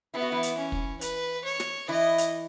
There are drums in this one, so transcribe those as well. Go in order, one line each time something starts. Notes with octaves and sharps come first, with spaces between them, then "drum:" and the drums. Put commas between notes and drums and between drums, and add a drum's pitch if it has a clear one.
B3 E4
F#4
E3 E4
drum: hi-hat
C#4
drum: kick
B4, drum: hi-hat
C#5
drum: snare
E3 E4 D#5
drum: hi-hat